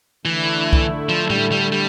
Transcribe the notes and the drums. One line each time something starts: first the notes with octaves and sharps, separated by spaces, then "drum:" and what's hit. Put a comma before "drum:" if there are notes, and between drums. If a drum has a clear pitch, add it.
D3 E3 A3 E4
drum: kick C2
F3
G3, drum: tom A2
G3
G3